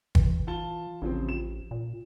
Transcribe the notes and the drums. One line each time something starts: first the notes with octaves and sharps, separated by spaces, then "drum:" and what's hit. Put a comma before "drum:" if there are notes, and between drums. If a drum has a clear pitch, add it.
E3, drum: kick
F4 A5 G7
A1 C#3 F3 C4
E7
A#2